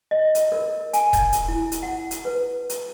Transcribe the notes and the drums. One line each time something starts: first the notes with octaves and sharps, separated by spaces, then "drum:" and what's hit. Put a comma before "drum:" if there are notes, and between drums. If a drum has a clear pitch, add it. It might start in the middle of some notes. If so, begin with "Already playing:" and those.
D#5
drum: hi-hat
A#4
G#5, drum: hi-hat
drum: kick D#1, hi-hat
drum: hi-hat
E4
drum: hi-hat
F#5
drum: hi-hat
B4
drum: hi-hat